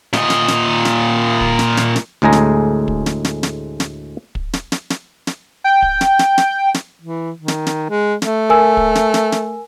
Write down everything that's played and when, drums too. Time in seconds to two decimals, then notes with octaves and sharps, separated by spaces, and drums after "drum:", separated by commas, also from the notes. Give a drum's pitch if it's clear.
0.13 A#2 D#5, drum: snare
0.30 drum: snare
0.48 drum: snare
0.85 drum: snare
1.40 drum: kick
1.59 drum: snare
1.77 drum: snare
1.96 drum: snare
2.22 D2 A2 G#3 G#4 A#5
2.32 drum: snare
2.88 drum: kick
3.06 drum: snare
3.25 drum: snare
3.43 drum: snare
3.80 drum: snare
4.35 drum: kick
4.53 drum: snare
4.72 drum: snare
4.90 drum: snare
5.27 drum: snare
5.64 G5
5.82 drum: kick
6.01 drum: snare
6.19 drum: snare
6.38 drum: snare
6.74 drum: snare
7.01 E3
7.37 D#3
7.48 drum: snare
7.67 drum: snare
7.90 G#3
8.22 A3, drum: snare
8.50 A#4 G#5 E6
8.77 drum: kick
8.95 drum: snare
9.14 drum: snare
9.32 drum: snare